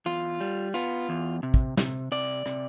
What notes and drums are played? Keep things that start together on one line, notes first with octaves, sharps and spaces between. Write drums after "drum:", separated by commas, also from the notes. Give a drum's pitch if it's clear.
E2 F4
G3
B3 F4
E2
C3
drum: kick
C3, drum: snare
C3 D5
C3, drum: rim click